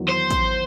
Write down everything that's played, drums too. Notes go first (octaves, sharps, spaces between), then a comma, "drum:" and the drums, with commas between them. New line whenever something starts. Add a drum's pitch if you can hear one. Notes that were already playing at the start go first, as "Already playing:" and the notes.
Already playing: E2 D#3 F#3
C5
drum: kick, hi-hat